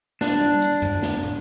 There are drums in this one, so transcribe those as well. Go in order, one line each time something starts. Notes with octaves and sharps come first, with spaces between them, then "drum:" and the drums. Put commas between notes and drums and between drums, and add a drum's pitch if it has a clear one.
D4, drum: snare
drum: tom G3
drum: hi-hat
drum: tom F2
drum: snare
drum: tom